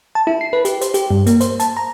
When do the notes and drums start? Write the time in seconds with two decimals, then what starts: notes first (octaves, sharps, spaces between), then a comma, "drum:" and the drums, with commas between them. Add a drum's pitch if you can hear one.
0.15 A5
0.27 E4
0.41 C7
0.53 B4
0.65 G4, drum: hi-hat
0.81 C5, drum: hi-hat
0.94 G4, drum: hi-hat
1.11 G2
1.26 A#3, drum: hi-hat
1.41 C5, drum: hi-hat
1.60 A5, drum: hi-hat
1.77 A#5